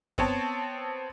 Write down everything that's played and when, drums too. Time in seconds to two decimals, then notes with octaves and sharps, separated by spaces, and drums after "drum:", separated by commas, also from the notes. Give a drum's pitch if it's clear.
0.18 B3 C4 C#5 A5, drum: kick F#2